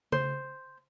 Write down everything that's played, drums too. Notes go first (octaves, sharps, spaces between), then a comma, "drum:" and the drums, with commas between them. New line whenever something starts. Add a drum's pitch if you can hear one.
C5, drum: tom C#3